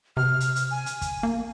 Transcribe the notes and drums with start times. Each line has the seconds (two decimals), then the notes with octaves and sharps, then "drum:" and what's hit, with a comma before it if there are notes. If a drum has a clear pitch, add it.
0.17 C3 F6
0.40 drum: hi-hat
0.56 drum: hi-hat
0.71 G#5
0.86 drum: hi-hat
1.01 drum: kick, hi-hat
1.23 A#3